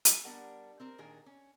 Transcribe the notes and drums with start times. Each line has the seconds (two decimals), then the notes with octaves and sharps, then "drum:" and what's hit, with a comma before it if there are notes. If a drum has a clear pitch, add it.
0.05 drum: hi-hat
0.24 G3 B3 D4 A#4 F#5 A5
0.80 C4 A#4 C5
0.98 A#2 D#3 D4 G#4 A#4
1.26 C#4